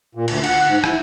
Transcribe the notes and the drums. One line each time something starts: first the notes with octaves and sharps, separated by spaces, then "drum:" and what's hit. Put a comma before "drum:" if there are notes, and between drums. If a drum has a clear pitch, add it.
A#2
D2, drum: cymbal
F#5, drum: cymbal
G#2
E4, drum: rim click